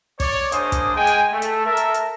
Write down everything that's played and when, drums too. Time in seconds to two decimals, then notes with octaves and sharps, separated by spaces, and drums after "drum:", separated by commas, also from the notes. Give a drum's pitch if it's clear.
0.20 C#5 D5, drum: kick, open hi-hat
0.52 A#3 D4 G#4 C5 D#5 D#6, drum: hi-hat
0.72 drum: kick, hi-hat
0.96 G#3 G5 G#5
1.07 drum: hi-hat
1.32 A3
1.42 drum: hi-hat
1.65 A4 A#4 E5
1.77 drum: hi-hat
1.94 drum: hi-hat